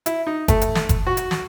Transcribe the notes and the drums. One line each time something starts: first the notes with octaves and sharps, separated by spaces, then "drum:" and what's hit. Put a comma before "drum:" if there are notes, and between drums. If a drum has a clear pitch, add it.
E4, drum: hi-hat
D#4
A3, drum: kick F#1, hi-hat
drum: hi-hat
drum: snare
drum: kick F#1, hi-hat
F#4
drum: hi-hat
drum: snare